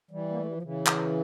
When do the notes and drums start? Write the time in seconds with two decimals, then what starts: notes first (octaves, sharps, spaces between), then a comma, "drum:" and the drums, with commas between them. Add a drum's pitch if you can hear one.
0.11 E3 G3
0.30 A#3
0.39 A3
0.46 G3
0.55 F3
0.62 C#3 E3
0.87 drum: clap